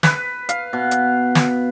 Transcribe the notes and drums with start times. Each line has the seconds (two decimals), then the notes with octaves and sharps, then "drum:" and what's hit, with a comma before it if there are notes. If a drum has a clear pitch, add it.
0.03 B4, drum: snare
0.49 F5, drum: hi-hat
0.73 B2
0.91 drum: hi-hat
1.35 drum: snare